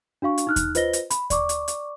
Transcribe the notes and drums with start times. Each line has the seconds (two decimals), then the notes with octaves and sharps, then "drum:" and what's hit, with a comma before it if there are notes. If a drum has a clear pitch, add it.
0.22 D4 F#4 F5 C#6
0.38 drum: hi-hat
0.47 D#4 F6 F#6
0.56 drum: kick D#2, hi-hat
0.75 F4 B4 C5 D#5 A#6 G7, drum: hi-hat
0.93 drum: hi-hat
1.10 B5, drum: hi-hat
1.30 D5 C#6 D6, drum: kick D#2, hi-hat
1.49 drum: hi-hat
1.68 drum: hi-hat